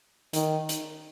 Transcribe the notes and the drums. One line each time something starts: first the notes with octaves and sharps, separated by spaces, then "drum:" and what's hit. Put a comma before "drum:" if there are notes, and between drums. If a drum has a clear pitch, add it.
D#3, drum: hi-hat
drum: hi-hat